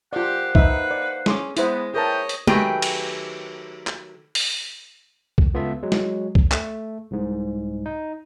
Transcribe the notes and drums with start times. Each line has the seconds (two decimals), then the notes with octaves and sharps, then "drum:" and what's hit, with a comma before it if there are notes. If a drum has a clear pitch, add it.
0.13 A#3 F4 G4 C5 D5 F#5
0.55 D#4 B4 E5, drum: kick
0.91 D5
1.26 C#4 G#4 C6 D6, drum: snare
1.57 G#3 B3 E4 C5, drum: hi-hat
1.94 E4 G#4 A#4 B4 C#5 D#5 G5 A5
2.29 drum: hi-hat
2.47 D#3 F#3 A3 G4 G#4 B4, drum: tom G#3
2.82 drum: cymbal
3.87 drum: clap
4.35 drum: open hi-hat
5.38 drum: kick
5.54 C#2 B3 F4 A4 E5
5.83 F#3 G#3
5.92 drum: snare
6.35 drum: kick
6.52 A3, drum: clap
7.11 C2 G#2
7.86 D#4